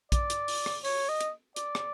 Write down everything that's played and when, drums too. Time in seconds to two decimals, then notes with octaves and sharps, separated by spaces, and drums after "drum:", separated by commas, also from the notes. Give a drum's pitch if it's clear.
0.12 D5, drum: kick A#1, hi-hat
0.30 drum: hi-hat
0.48 drum: open hi-hat
0.66 drum: rim click
0.85 C#5, drum: open hi-hat
1.09 D#5
1.21 drum: hi-hat
1.56 D5, drum: hi-hat
1.75 drum: rim click